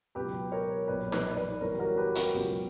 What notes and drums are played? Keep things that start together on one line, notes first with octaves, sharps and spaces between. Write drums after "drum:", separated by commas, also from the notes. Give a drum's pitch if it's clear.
C#2 B2 F#3 G4 B4
A#4 C#5
B1 A#2 F#3 B4 D5
B4 D5, drum: snare D#4
B4 D5
G1 G2 E3 A#4 C#5
G4
F#4 A#4
G4 B4
F#4 A#4, drum: hi-hat
C#2 B2 F#3 G4